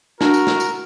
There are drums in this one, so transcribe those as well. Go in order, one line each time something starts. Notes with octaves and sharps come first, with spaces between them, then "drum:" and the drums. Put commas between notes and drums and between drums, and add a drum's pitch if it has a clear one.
D4 F#4 A#4, drum: snare
drum: tambourine
drum: snare
drum: tambourine